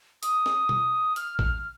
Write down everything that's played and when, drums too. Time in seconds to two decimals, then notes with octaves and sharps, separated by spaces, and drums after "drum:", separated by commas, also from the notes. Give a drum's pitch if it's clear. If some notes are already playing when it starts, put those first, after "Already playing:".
0.23 D#6, drum: hi-hat
0.46 drum: snare
0.69 drum: tom
1.16 F6, drum: hi-hat
1.39 F6, drum: kick A1